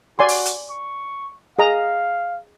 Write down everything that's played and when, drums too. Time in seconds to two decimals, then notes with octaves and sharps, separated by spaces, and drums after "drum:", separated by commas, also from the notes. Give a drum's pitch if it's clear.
0.19 F#4 D5 G#5 C6
0.28 drum: open hi-hat
0.45 drum: hi-hat
0.70 C#6
1.59 G#4 D#5 F5 A#5